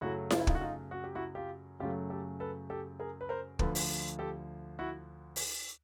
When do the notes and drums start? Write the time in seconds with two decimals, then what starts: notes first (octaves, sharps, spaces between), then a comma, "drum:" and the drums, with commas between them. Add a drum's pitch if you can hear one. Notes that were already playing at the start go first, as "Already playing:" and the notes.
0.01 F#2 C#3 F#3 A3 E4 F#4
0.30 F4, drum: snare E4
0.39 E4
0.47 D#4 F4, drum: kick
0.55 F#4
0.61 D#4 F4
0.91 F#4
1.04 G4
1.15 E4 F#4
1.35 F4 G4
1.80 F#2 C#3 F#3 A3 F4 G4
2.10 G4 A4
2.40 A4 B4
2.70 G4 A4
3.00 G#4 A#4
3.21 B4
3.29 A#4 C5
3.59 D2 D3 F3 A4 B4, drum: kick
3.75 drum: open hi-hat
4.19 G4 A4
4.79 E4 F#4
5.36 drum: open hi-hat